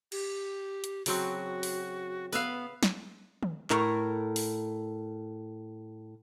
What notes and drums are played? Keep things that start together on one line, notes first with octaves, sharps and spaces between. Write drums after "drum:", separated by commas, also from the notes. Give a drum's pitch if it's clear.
G4, drum: cymbal
drum: hi-hat
C#3 F#3 C4 F#4, drum: open hi-hat
drum: open hi-hat
B3 B4 E5 F5, drum: tambourine
drum: snare
drum: tom
A2 A#4, drum: clap
drum: open hi-hat